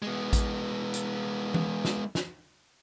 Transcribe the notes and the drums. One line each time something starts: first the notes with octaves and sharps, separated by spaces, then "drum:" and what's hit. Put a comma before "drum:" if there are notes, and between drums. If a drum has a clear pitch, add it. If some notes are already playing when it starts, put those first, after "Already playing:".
G#3 B3
drum: kick A1, hi-hat
drum: hi-hat
drum: tom E3
drum: snare
drum: snare